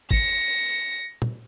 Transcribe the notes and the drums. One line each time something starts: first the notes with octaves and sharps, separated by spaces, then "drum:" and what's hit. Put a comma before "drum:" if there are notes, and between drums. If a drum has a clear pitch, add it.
A#6 C#7, drum: kick
drum: tom